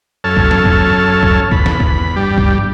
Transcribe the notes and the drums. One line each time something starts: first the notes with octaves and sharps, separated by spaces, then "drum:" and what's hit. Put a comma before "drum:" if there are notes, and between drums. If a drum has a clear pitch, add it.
F#2 A4 C#5 A5 F6
drum: kick G1
drum: snare
drum: kick G1
drum: kick G1
E2 B5, drum: kick G1
drum: snare
drum: kick G1
G2 G3 G4
drum: kick G1